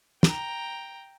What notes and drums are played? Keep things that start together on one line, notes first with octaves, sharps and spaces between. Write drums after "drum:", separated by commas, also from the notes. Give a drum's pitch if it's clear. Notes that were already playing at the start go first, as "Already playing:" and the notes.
G5 A#5, drum: snare